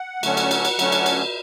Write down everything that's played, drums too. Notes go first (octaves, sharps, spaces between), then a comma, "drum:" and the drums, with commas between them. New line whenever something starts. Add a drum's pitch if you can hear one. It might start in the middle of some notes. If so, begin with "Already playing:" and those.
Already playing: F#5
D3 F#3 A3 C#4, drum: cymbal
drum: cymbal
drum: cymbal
drum: cymbal
D3 F#3 A3 C#4, drum: cymbal
drum: cymbal
drum: cymbal